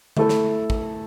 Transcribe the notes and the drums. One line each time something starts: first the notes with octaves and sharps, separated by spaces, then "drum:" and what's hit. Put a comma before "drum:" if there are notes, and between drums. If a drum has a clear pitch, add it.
A3 E4 A4, drum: tom D3
drum: snare
drum: kick